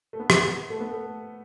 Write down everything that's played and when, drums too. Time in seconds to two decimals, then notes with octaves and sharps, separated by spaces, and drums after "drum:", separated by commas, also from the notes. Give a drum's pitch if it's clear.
0.13 A3
0.20 B3
0.30 drum: rim click
0.70 A3
0.80 B3
0.90 A3